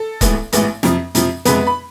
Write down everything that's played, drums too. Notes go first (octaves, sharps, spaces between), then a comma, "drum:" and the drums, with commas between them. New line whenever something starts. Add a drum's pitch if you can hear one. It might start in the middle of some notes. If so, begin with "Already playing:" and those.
Already playing: A4
A1 G#2 E3 B3, drum: kick, hi-hat
A1 G#2 E3 B3, drum: hi-hat
F2 C3 F3, drum: snare
F2 C3 F3, drum: hi-hat
F2 C3 G#3 B3 B4, drum: hi-hat
B5